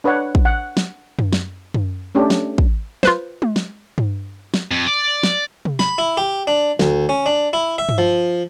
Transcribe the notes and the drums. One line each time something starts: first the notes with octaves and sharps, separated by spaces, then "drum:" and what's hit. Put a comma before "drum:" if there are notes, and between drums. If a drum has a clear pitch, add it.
D4 B4 C#5 F#5
drum: kick
F#5
drum: snare
drum: tom F#2
drum: snare
drum: tom F#2
A3 C#4 D4 G4 A4
drum: snare
drum: kick
F4 B4 C5, drum: snare
drum: tom G#3
drum: snare
drum: tom G2
drum: snare
F2
D5
drum: snare
drum: tom C3
B5, drum: snare
E4
G4
D4
D2, drum: snare
C#4
D4
E4
E5
drum: tom G2
F3